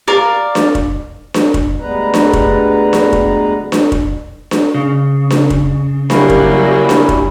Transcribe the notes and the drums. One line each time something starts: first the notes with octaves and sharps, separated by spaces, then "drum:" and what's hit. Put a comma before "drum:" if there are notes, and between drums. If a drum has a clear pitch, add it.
A#4 D5 F5
drum: snare D4
drum: kick
drum: snare D4
drum: kick
D2 G3 G#3 B3 B4 A#5
drum: snare D4
drum: kick
drum: snare D4
drum: kick
drum: snare D4
drum: kick
drum: snare D4
C#3
drum: snare D4
drum: kick
F#3 G3 A#3 C#4 E4, drum: snare D4
drum: kick
drum: snare D4
drum: kick